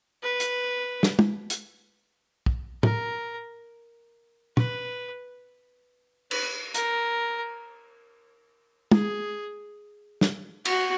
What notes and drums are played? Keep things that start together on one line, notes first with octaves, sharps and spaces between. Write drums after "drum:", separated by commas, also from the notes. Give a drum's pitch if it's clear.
B4
drum: hi-hat
drum: snare
drum: tom
drum: hi-hat
drum: kick
A#4, drum: tom
B4, drum: tom
B4, drum: cymbal
A#4, drum: hi-hat
G#4, drum: tom
drum: snare
F#4, drum: cymbal